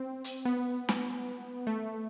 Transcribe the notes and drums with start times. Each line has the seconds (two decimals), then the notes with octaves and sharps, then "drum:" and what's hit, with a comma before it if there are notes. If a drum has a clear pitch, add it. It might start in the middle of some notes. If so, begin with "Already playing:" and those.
Already playing: C4
0.24 drum: hi-hat
0.45 B3
0.89 drum: snare
1.67 A3